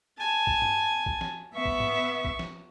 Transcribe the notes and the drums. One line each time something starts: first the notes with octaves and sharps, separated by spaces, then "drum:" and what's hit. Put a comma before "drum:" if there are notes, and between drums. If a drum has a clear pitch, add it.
G#5 A5
drum: kick
drum: tom G2
drum: kick
drum: snare
B3 E5 C#6
drum: kick
drum: tom
drum: kick
drum: snare